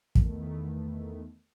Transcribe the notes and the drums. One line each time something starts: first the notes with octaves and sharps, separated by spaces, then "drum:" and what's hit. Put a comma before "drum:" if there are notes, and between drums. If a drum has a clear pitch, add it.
E2 D#3 A3 B3, drum: kick